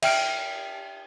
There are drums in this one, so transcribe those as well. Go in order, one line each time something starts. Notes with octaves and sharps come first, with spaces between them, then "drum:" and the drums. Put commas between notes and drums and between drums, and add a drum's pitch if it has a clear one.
E5 G5 F6 D7, drum: cymbal